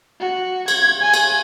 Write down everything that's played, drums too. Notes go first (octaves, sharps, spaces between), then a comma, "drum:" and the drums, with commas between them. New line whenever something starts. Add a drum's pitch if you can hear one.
F#4
G#6, drum: cymbal
G#5
drum: cymbal